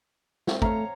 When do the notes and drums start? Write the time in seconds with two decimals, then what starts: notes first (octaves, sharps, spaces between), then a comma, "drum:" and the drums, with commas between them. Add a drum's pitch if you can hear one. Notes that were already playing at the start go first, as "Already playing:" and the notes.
0.47 C4, drum: snare
0.62 A3 C#5 F5 A#5, drum: kick